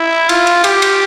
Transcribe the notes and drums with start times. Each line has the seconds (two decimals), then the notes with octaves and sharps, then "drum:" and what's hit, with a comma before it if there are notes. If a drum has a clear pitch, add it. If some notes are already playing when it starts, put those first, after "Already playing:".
Already playing: E4
0.29 F4, drum: cymbal
0.47 drum: cymbal
0.64 G4, drum: cymbal
0.82 drum: cymbal